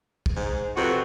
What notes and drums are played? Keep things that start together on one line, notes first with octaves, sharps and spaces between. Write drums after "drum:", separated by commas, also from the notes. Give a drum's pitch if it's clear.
drum: kick
G#2 C5
F2 C3 C4 F#4 B4